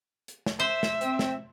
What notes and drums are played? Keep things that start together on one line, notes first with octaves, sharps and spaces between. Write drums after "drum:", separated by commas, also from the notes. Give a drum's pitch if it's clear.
drum: hi-hat
drum: snare
C5 E5
drum: snare
C4, drum: hi-hat
drum: snare